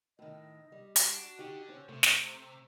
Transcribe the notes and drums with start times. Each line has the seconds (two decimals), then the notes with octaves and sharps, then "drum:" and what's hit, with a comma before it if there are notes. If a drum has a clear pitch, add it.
0.19 A2 D#3 D#5
0.72 G3
0.96 D4 F#4, drum: hi-hat
1.39 D3 D#4 G4
1.69 C#4 C5
1.89 C3 A3
2.03 drum: snare